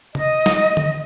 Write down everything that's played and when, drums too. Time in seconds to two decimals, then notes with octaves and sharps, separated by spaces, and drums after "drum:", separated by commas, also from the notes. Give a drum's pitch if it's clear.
0.15 D#5, drum: tom C3
0.46 drum: snare
0.77 drum: tom D3